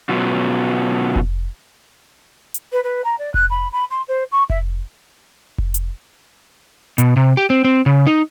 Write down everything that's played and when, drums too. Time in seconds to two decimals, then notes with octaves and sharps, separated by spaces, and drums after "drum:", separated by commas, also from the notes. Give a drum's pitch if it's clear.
0.09 B2 F#3 B3 C#4 F4 F#4
1.16 drum: kick F1
2.54 drum: hi-hat
2.72 B4
2.84 B4
3.04 A#5
3.19 D5
3.34 F#6, drum: kick F1
3.50 B5
3.72 B5
3.91 C6
4.08 C5
4.32 C#6
4.50 E5, drum: kick F1
5.58 drum: kick F1
5.74 drum: hi-hat
6.98 B2, drum: hi-hat
7.16 C3
7.37 G4
7.50 C4
7.64 C4
7.86 C#3
8.07 D#4